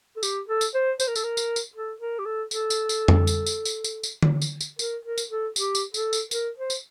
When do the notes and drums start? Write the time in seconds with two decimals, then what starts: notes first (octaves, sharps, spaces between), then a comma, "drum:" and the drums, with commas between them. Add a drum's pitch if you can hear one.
0.16 A4
0.23 G4, drum: tambourine
0.48 A4
0.61 drum: tambourine
0.74 C5
1.00 C5, drum: tambourine
1.07 A#4
1.15 A4, drum: tambourine
1.24 A#4
1.37 drum: tambourine
1.56 drum: tambourine
1.75 A4
2.00 A#4
2.19 G4
2.25 A4
2.51 A4, drum: tambourine
2.70 drum: tambourine
2.89 drum: tambourine
3.08 drum: tom F2
3.27 drum: tambourine
3.46 drum: tambourine
3.65 drum: tambourine
3.84 drum: tambourine
4.03 drum: tambourine
4.22 drum: tom D3
4.42 drum: tambourine
4.61 drum: tambourine
4.79 A#4, drum: tambourine
5.05 A#4
5.18 drum: tambourine
5.30 A4
5.56 G4, drum: tambourine
5.75 drum: tambourine
5.94 A4, drum: tambourine
6.13 drum: tambourine
6.31 A#4, drum: tambourine
6.57 C5
6.70 drum: tambourine